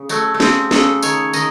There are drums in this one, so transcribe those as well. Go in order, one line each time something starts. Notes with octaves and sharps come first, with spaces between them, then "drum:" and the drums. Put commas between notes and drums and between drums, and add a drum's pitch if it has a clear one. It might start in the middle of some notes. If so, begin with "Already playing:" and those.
Already playing: C#3
F#3 A3, drum: tambourine
A3
C#3 C4, drum: snare
C#3 A4, drum: snare
D#3 C#5, drum: tambourine
D#3 D#5, drum: tambourine